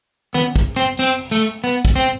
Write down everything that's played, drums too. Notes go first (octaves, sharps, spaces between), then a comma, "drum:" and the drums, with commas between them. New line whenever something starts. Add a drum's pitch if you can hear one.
B3, drum: tom D#3
drum: kick, hi-hat
C4, drum: hi-hat
C4, drum: hi-hat
drum: open hi-hat
A3
drum: hi-hat
B3, drum: hi-hat
drum: kick, hi-hat
C4